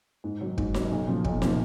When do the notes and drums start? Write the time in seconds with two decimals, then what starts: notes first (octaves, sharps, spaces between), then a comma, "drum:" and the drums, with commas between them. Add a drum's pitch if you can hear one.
0.24 G#2
0.41 D#3 F#3
0.58 G#2, drum: kick
0.74 D#3 F#3, drum: snare D#4
0.91 B1
1.07 A#2 F3
1.24 B1, drum: kick
1.42 A#2 F3, drum: snare D#4